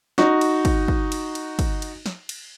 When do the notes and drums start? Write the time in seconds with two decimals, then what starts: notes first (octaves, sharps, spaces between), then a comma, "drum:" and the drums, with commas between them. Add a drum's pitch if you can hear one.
0.18 D#4 F#4, drum: snare
0.41 drum: cymbal
0.65 drum: kick, cymbal
0.88 drum: kick
1.12 drum: cymbal
1.35 drum: cymbal
1.59 drum: kick, cymbal
1.82 drum: cymbal
2.06 drum: snare
2.29 drum: cymbal